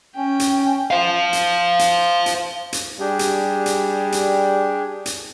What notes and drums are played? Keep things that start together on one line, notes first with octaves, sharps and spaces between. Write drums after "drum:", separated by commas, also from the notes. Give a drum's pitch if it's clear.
C#4 G5
drum: hi-hat
C5 F5
drum: hi-hat
drum: hi-hat
drum: hi-hat
drum: hi-hat
G3 D4 G4 G#4
drum: hi-hat
drum: hi-hat
drum: hi-hat
drum: hi-hat